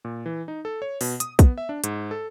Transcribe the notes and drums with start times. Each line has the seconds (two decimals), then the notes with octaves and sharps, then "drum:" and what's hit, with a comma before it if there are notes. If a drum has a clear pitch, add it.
0.05 A#2
0.26 E3
0.48 D#4
0.65 A4
0.82 C#5
1.01 B2, drum: open hi-hat
1.20 D#6, drum: hi-hat
1.39 B3, drum: kick, hi-hat
1.58 E5
1.69 D4
1.84 G#2, drum: hi-hat
2.11 A4